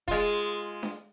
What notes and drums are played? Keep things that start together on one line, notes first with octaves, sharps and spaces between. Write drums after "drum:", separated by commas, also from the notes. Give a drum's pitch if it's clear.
G#3 F4, drum: kick E1
drum: snare D4